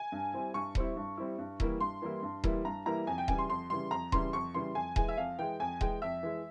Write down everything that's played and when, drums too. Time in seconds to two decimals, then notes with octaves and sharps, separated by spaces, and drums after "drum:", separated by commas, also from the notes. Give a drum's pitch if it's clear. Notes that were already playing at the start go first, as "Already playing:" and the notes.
Already playing: G#5
0.12 G2
0.33 G3 C4 E4
0.54 G2 C#6
0.75 G3 C4 E4, drum: kick D#1
0.96 G2
1.17 G3 C4 E4
1.39 G2
1.60 E3 G3 A#3 E4, drum: kick D#1
1.80 G2 C6
2.02 E3 G3 A#3 E4
2.23 G2
2.44 E3 G3 A#3 E4, drum: kick D#1
2.65 G2 A#5
2.86 E3 G3 A#3 E4 A#5
3.07 F2 G#5
3.18 G5
3.28 C#3 E3 G3 G#5, drum: kick D#1
3.38 C6
3.49 F2 C6
3.70 C#3 E3 G3 C6
3.91 F2 A#5
4.12 C#3 E3 G3 C6, drum: kick D#1
4.33 F2 C#6
4.54 C#3 E3 G3 C6
4.75 F2 G#5
4.96 E3 G#3 G#5, drum: kick D#1
5.09 E5
5.17 F2 F5
5.39 E3 G#3 G5
5.60 F2 G#5
5.81 E3 G#3 G5, drum: kick D#1
6.02 F2 E5
6.23 E3 G#3